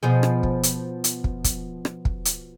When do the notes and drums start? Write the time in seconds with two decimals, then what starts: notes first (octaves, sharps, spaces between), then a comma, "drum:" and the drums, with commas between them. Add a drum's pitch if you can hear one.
0.03 B2 F3 G#4
0.23 drum: rim click
0.43 drum: kick
0.63 drum: hi-hat
1.04 drum: hi-hat
1.24 drum: kick
1.44 drum: kick, hi-hat
1.85 drum: rim click
2.05 drum: kick
2.25 drum: hi-hat